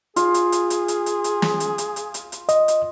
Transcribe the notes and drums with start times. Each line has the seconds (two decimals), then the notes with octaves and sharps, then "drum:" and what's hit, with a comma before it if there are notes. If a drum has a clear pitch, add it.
0.16 F4 G#4, drum: hi-hat
0.34 drum: hi-hat
0.52 drum: hi-hat
0.70 drum: hi-hat
0.88 drum: hi-hat
1.06 drum: hi-hat
1.24 drum: hi-hat
1.42 drum: snare
1.60 drum: hi-hat
1.78 drum: hi-hat
1.96 drum: hi-hat
2.14 drum: hi-hat
2.32 drum: hi-hat
2.49 D#5, drum: hi-hat
2.68 drum: hi-hat